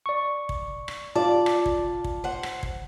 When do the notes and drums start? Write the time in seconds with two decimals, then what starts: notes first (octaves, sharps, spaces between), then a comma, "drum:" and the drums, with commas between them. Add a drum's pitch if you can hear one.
0.06 D5 C#6
0.49 drum: kick
0.88 drum: rim click
1.16 F4 D5 A5
1.46 drum: rim click
1.66 drum: kick
2.04 drum: kick
2.24 C5 F#5
2.43 drum: rim click
2.63 drum: kick